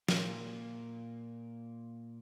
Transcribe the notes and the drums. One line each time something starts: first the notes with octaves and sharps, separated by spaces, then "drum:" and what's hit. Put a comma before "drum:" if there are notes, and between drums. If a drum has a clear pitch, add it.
A#2 A#3, drum: snare